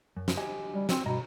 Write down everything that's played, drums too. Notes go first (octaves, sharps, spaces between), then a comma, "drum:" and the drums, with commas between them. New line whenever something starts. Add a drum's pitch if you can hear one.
F#2
drum: snare
G4 D#5 G#5
G3
C4, drum: snare
G2 B2 D#5 A#5